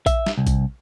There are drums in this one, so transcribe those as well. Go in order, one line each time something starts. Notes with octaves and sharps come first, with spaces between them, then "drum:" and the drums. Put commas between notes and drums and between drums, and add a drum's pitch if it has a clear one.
E5, drum: kick A#1, hi-hat
drum: snare
C2
drum: kick A#1, hi-hat